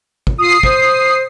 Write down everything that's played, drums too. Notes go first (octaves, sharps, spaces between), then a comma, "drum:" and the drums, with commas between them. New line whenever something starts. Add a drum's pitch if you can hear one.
drum: kick
F4 D#6 C7
C5, drum: kick